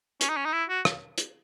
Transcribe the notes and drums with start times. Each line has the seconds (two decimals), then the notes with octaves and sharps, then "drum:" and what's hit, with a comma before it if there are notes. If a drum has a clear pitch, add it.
0.21 C#4, drum: hi-hat
0.29 D#4
0.36 C#4
0.45 D#4
0.53 E4
0.69 F#4
0.85 drum: rim click
1.18 drum: hi-hat